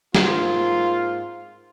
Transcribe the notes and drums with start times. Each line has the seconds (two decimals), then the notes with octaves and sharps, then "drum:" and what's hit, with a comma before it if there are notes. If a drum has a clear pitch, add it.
0.15 G#2 A#3 C4 F4, drum: snare